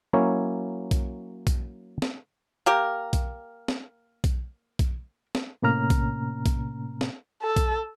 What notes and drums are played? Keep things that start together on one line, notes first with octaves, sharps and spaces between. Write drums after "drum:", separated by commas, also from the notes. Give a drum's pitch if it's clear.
F#3 A#3 C#4 E4 C#5
drum: kick B1, hi-hat
drum: kick B1, hi-hat
drum: snare
A#3 G4 A#4
drum: kick B1, hi-hat
drum: snare
drum: kick B1, hi-hat
drum: kick B1, hi-hat
drum: snare
A2 C3 A#3 C#4 A#5 F6
drum: kick B1, hi-hat
drum: kick B1, hi-hat
drum: snare
A4
drum: kick B1, hi-hat